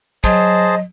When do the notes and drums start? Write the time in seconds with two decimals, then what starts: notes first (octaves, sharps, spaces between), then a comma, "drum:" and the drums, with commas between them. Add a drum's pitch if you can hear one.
0.24 F#3 G#4 C5 D#5 A5, drum: kick